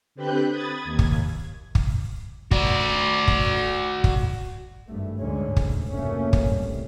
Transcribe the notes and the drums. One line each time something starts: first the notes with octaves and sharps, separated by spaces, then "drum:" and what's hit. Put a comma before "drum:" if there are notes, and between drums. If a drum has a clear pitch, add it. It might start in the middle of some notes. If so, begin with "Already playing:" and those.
D3 C4 G4 B4 F#6 G6
B5 D#6 G#6 A6
D#2 G#6
drum: kick
drum: kick
F#4 D5, drum: kick
drum: kick
drum: kick
G#1 G2 A3
D2 G#2 D3 G#3 C#4
drum: kick
F1 B2 A3 A#3 C#4
drum: kick
C2